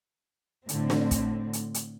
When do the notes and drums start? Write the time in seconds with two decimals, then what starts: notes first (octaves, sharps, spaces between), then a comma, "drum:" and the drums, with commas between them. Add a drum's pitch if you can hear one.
0.69 A2 D3 C4, drum: hi-hat
0.90 drum: snare
1.11 drum: kick, hi-hat
1.53 drum: hi-hat
1.74 drum: hi-hat